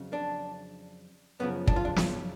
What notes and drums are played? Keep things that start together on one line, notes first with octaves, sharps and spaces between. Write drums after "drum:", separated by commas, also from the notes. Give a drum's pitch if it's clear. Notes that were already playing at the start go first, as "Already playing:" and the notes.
Already playing: F2 C#3 F#3
D4
F#2 C#3 F3 B3
D4, drum: kick
F4
D4
F4, drum: snare